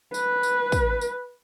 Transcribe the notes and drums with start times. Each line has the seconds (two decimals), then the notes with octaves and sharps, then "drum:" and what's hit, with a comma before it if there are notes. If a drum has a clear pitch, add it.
0.14 B4, drum: tambourine
0.43 drum: tambourine
0.72 drum: kick, tambourine
1.01 drum: tambourine